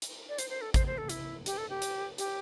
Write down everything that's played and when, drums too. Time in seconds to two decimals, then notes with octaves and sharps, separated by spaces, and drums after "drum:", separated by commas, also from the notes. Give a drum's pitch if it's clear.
0.02 drum: hi-hat
0.29 D5
0.38 C5, drum: hi-hat
0.50 C5
0.61 A4
0.74 C5, drum: kick, hi-hat
0.87 C5
0.98 A4
1.09 E4, drum: hi-hat
1.46 G4, drum: hi-hat
1.58 A4
1.70 G4
1.82 drum: hi-hat
2.18 G4, drum: hi-hat